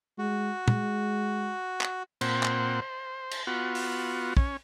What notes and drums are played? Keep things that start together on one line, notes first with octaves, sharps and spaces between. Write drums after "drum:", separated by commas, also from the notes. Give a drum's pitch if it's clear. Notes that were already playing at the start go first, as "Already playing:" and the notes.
G#3 F#4
G#3, drum: tom
drum: clap
A#2 C4 C5 F#5, drum: cymbal
drum: clap
C5
drum: cymbal
B3 F4 F#4
drum: open hi-hat
C#4, drum: kick